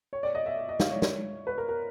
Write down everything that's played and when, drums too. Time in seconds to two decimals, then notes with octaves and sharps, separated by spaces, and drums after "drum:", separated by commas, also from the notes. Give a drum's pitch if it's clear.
0.13 C#5
0.23 D5
0.35 D#5
0.46 E5
0.57 D#5
0.69 D#5
0.80 F5, drum: snare
0.91 C#5
1.02 drum: snare
1.47 B4
1.58 A#4
1.69 A#4